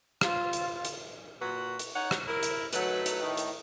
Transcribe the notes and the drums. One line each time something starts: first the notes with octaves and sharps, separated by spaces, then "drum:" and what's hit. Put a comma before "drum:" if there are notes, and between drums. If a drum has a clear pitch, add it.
F4, drum: rim click
drum: hi-hat
drum: hi-hat
A#2 F#4 B4
drum: hi-hat
D#4 C#5 F#5
drum: rim click
E4 A#4
drum: hi-hat
F#3 A3 D#4 B4, drum: hi-hat
drum: hi-hat
A2 D#3
drum: hi-hat